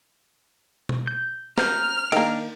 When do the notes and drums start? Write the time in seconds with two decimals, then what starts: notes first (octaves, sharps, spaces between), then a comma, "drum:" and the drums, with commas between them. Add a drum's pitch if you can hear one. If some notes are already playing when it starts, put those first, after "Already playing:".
0.89 drum: tom B2
1.07 G6
1.58 A#5 F6 G6, drum: snare
2.12 D#3 A#3 D4 A#4, drum: cymbal